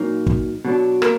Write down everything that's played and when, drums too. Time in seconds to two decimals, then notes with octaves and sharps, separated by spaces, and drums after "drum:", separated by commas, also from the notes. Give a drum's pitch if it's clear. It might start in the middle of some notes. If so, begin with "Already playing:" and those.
Already playing: A#2 F#3 A#3 D#4
0.27 drum: kick
0.65 B2 F#3 D4
1.02 A#3 A#4, drum: rim click